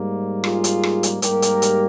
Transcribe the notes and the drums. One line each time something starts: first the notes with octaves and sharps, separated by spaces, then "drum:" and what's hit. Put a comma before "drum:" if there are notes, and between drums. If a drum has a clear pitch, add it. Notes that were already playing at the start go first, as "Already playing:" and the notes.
Already playing: G#2 G3 A#3
F4 G#4, drum: rim click
drum: hi-hat
drum: rim click
drum: hi-hat
G#2 G3 A#3 G4 A#4, drum: hi-hat
drum: hi-hat
drum: hi-hat